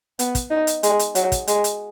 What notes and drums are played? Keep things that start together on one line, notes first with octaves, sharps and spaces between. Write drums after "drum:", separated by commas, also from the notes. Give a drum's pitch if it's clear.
B3, drum: hi-hat
drum: kick, hi-hat
D#4
drum: hi-hat
G#3, drum: hi-hat
drum: hi-hat
F#3, drum: hi-hat
drum: kick, hi-hat
G#3, drum: hi-hat
drum: hi-hat